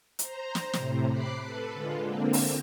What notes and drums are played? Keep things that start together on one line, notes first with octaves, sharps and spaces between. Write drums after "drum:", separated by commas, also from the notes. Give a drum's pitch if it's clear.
C5 A#5, drum: hi-hat
drum: snare
A2 C3, drum: snare
B5 D6 F#6 C7
A4 B4
D3 G#3 F4
D3 A#3 C4
drum: open hi-hat